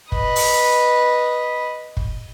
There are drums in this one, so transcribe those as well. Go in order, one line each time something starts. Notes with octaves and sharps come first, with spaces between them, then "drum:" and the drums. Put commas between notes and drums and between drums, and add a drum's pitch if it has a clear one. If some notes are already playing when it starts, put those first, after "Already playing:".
B4 D#5, drum: kick
drum: open hi-hat
drum: kick